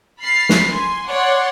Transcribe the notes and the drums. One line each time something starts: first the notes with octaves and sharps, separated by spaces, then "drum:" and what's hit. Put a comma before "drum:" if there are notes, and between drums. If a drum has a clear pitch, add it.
B5 F6 A6 C7
drum: snare
G#5 C6
C#5 D5 F#5 C6 C#6